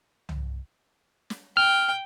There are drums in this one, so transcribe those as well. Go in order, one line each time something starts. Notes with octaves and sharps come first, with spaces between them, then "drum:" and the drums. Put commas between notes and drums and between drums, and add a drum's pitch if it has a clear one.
drum: tom
drum: snare
G5 F6